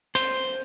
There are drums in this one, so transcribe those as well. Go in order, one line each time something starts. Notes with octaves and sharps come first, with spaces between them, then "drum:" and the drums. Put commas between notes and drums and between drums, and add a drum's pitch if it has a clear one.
C5, drum: hi-hat